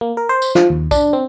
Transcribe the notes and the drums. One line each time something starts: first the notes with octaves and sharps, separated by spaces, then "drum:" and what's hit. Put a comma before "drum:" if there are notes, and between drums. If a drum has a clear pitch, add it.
A#3
A#4
C5
drum: tambourine
F3, drum: snare
D#2
D4, drum: kick, tambourine
C4